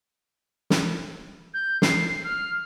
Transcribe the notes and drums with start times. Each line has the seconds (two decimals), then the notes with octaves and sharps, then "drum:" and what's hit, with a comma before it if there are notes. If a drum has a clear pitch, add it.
0.70 drum: snare
1.54 G6
1.82 C7, drum: snare
2.24 F6